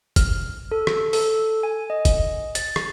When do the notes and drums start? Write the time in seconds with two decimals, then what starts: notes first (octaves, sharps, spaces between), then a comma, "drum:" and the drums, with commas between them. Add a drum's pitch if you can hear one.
0.16 F6, drum: kick, hi-hat
0.72 A4
0.87 drum: rim click
1.13 A4, drum: open hi-hat
1.63 G#5
1.90 D#5
2.05 drum: kick, hi-hat
2.55 A6, drum: hi-hat
2.76 drum: rim click